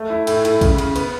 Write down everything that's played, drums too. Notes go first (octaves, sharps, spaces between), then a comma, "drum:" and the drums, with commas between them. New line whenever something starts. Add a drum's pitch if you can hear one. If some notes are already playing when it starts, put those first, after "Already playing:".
Already playing: A3
E4
A2, drum: cymbal
A2, drum: cymbal
C#3, drum: kick A#1, cymbal
C#3, drum: cymbal
B3, drum: cymbal